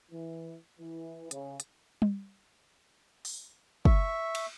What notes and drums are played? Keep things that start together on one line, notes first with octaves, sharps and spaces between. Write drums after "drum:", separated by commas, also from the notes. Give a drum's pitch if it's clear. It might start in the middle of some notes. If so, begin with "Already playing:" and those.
E3
E3
C#3, drum: hi-hat
drum: hi-hat
drum: tom G3
drum: open hi-hat
E5 C#6, drum: kick
drum: cymbal